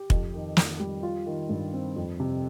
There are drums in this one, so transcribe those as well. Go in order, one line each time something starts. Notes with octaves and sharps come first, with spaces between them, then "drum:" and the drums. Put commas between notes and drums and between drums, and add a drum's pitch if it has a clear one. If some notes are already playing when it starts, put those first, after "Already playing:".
Already playing: G4
F2, drum: kick
D#3
F2, drum: snare
G3
F4
D#3
G2
C4
F2
C3